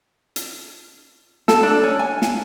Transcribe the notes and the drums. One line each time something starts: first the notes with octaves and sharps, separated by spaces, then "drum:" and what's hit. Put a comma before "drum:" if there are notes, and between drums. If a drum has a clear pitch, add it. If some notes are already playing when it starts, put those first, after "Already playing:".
drum: hi-hat
A4, drum: snare
D4
C#4
G#5
drum: snare